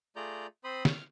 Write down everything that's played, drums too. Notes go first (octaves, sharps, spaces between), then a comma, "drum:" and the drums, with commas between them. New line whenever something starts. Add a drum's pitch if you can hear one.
A3 F4 G#4 D5 A#5 G6
C4 C5 B5 C6 D#6
F6, drum: snare